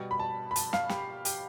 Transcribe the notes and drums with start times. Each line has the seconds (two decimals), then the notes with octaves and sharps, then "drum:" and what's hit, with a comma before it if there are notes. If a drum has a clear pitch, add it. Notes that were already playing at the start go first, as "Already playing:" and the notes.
Already playing: B2 G3
0.11 B5
0.20 A5
0.51 B5
0.56 A5, drum: hi-hat
0.73 F5, drum: snare
0.89 G4, drum: snare
1.25 G4, drum: hi-hat